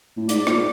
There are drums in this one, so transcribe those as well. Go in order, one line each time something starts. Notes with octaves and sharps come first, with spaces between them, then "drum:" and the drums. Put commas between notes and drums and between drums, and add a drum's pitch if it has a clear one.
A2
G#2 D5, drum: hi-hat
A#2, drum: rim click